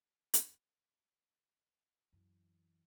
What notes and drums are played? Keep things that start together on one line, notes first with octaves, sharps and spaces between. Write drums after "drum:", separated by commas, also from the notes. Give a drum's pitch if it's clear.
drum: hi-hat
F#2 E3